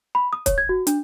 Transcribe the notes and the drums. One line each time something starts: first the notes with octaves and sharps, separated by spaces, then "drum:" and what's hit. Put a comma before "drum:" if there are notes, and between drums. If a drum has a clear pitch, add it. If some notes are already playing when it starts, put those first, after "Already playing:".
B5
D#6
C#5, drum: kick, hi-hat
G#6
F#4
D4, drum: hi-hat